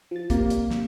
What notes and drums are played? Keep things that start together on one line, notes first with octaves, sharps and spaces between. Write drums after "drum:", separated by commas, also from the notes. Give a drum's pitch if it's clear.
F3 A6
C3 A#3, drum: kick, hi-hat
drum: hi-hat
drum: snare